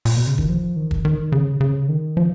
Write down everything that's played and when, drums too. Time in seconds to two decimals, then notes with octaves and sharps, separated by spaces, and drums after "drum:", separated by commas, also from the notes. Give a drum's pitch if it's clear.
0.05 A#2, drum: open hi-hat
0.17 B2
0.27 C#3
0.38 D#3, drum: kick
0.49 F3
0.76 D#3
0.91 drum: kick
1.05 D#3
1.32 C#3
1.61 C#3
1.89 D#3
2.17 F3